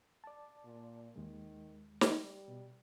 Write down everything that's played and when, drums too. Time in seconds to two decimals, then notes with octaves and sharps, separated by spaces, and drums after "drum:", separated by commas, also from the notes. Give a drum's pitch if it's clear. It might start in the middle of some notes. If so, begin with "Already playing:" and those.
0.24 D5 A5
0.65 A#2
1.16 D#2 D#3 G#3
2.01 drum: snare
2.17 G3
2.48 B2